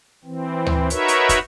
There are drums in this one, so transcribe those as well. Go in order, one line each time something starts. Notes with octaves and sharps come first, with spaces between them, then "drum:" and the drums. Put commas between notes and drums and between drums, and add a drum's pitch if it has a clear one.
E3 C4
drum: tom D2
D#4 F#4 A#4 B4 C#5 E5, drum: hi-hat
drum: hi-hat
drum: kick, hi-hat